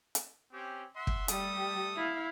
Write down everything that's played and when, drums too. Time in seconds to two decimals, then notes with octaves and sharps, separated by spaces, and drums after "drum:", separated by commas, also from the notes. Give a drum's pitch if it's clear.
0.15 drum: hi-hat
0.52 C4 C#4 G4
0.95 E5 F#5 C6
1.07 drum: kick
1.28 G3 A3 G4 A4 D#6, drum: hi-hat
1.96 E4 F5